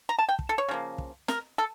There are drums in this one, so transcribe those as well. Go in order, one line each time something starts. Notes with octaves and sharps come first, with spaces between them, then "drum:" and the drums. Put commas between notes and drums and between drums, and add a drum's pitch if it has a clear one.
A#5
A5
G5
drum: kick
A4
C#5
C#3 F3 A#3
drum: kick
A#4, drum: snare
A4